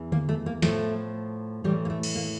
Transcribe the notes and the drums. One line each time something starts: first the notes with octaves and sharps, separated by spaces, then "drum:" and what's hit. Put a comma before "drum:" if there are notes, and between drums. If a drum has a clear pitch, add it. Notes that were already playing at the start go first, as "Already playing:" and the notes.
Already playing: E2 E3
A#3, drum: tom D3
A3
A#3
A2 F3 A3, drum: snare
A2 E3 G3
A#3
A3
drum: cymbal
A#3